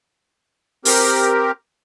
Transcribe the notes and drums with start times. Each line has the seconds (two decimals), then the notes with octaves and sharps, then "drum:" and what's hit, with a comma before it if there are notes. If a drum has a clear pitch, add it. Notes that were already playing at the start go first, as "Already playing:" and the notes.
0.85 C4 G4 A#4, drum: open hi-hat